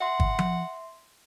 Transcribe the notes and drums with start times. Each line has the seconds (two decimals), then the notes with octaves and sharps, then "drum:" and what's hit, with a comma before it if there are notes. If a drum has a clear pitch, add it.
0.01 E5 F#5 C6
0.20 drum: kick G1
0.39 drum: tom F3